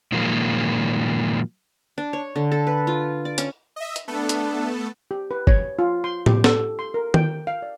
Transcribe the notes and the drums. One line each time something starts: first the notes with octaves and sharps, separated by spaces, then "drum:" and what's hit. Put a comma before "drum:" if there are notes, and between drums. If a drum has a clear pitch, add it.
A#2 D#3 F3 F#3 G#3 A#3
D4
C#5
D3
A4
B4
F4
D5
C#4, drum: hi-hat
D#5 E5
drum: hi-hat
A3 B3 D4 A4
drum: hi-hat
G4
B4
C#5, drum: kick F#1
F4
C6
G4, drum: tom A2
A4, drum: snare
C6
A#4
G5, drum: tom D#3
F5
D5